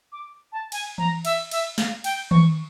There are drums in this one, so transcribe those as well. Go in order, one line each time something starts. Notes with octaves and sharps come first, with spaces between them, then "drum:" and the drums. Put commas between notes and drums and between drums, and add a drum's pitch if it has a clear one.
D6
A5
G#5, drum: cymbal
A#5, drum: tom E3
E5, drum: cymbal
E5, drum: cymbal
F5, drum: snare
G5, drum: cymbal
C#6, drum: tom D#3